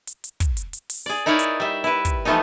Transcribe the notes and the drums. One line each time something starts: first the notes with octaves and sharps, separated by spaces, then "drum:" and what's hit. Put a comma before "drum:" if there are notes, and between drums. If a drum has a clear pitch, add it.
drum: hi-hat
drum: hi-hat
drum: kick, hi-hat
drum: hi-hat
drum: hi-hat
drum: open hi-hat
G#4 D5
D#4 E4 A#4 C#5 D5
drum: hi-hat
G3 E5
E4 B4
drum: kick, hi-hat
E3 F3 A3 B3 D#4